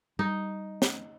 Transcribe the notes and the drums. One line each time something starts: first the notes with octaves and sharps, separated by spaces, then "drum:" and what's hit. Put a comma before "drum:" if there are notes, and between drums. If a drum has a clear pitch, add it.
G3 D#4
drum: snare